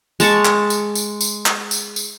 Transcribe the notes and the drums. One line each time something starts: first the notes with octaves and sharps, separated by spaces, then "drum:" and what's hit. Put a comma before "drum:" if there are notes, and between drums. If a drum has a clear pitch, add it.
G#3 A5 C#6, drum: tambourine
drum: clap
drum: tambourine
drum: tambourine
drum: tambourine
drum: clap
drum: tambourine
drum: tambourine